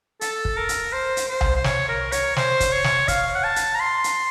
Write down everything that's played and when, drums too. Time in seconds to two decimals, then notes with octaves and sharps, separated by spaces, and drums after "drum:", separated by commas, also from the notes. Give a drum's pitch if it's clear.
0.21 A4, drum: hi-hat
0.45 drum: kick
0.57 A#4
0.69 drum: hi-hat
0.93 C5
1.17 drum: hi-hat
1.29 C5
1.41 drum: tom C2
1.56 C5
1.64 C#5, drum: snare
1.89 A#4
2.12 C#5, drum: hi-hat
2.36 C5, drum: snare
2.60 drum: kick, hi-hat
2.72 C#5
2.84 drum: snare
3.08 F5, drum: kick, hi-hat
3.36 F#5
3.44 A5
3.56 drum: hi-hat
3.75 A#5
3.80 C6
4.04 drum: hi-hat